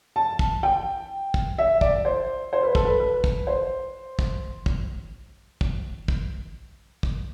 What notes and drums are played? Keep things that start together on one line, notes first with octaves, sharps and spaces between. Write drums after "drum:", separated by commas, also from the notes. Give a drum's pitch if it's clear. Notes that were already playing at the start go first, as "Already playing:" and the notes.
A5
drum: kick
G5
drum: kick
E5
D5, drum: kick
C5
C5
B4
A4, drum: kick
B4
B4
drum: kick
C5
drum: kick
drum: kick
drum: kick
drum: kick
drum: kick